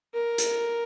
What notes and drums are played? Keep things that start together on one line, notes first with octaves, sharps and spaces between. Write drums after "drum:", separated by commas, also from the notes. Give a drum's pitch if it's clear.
A#4
drum: hi-hat